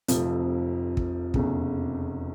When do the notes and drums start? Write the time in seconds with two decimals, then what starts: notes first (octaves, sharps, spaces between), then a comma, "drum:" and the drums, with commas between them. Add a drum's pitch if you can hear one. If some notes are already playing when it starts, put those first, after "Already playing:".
0.08 F1 F2 C3 F3, drum: hi-hat
0.97 drum: kick
1.34 F1 E2 C#3, drum: kick